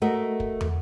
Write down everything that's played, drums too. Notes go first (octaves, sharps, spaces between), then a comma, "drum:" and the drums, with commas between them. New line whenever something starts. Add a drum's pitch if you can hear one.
A3 F#4 A#4 D#5
drum: kick
drum: tom